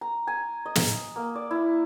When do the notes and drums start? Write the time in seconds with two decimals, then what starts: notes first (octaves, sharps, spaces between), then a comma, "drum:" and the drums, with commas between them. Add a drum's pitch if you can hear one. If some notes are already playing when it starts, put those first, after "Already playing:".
0.01 A#5
0.27 G#5
0.66 D#5
0.75 drum: snare
1.16 A#3
1.35 D5
1.51 E4